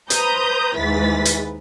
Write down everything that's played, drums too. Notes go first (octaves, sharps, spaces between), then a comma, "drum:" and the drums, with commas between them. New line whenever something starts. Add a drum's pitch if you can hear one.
B4 C5 A#5 D#6 G6, drum: hi-hat
D#2 G#2 E3 B4 A6 B6
drum: hi-hat